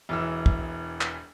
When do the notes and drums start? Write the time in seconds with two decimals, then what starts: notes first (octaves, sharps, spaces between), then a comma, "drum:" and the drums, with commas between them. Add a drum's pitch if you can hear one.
0.09 E1 E3 E6
0.46 drum: kick
1.01 drum: clap